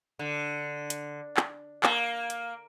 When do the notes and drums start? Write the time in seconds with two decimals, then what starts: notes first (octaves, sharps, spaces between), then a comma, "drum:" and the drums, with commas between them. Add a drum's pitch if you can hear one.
0.19 D3
0.90 drum: hi-hat
1.37 drum: clap
1.83 A#3, drum: clap
2.30 drum: hi-hat